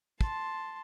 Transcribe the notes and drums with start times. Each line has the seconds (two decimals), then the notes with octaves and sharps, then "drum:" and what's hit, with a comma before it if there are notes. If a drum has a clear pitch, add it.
0.21 A5 C6, drum: kick